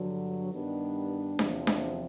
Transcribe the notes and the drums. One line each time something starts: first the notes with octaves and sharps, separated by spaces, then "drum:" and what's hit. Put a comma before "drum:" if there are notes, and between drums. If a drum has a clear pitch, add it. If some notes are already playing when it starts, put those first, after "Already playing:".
Already playing: G2 D3 F#3
G2 D#3 G3 B3 D4
E2 C3 F3, drum: snare D4
drum: snare D4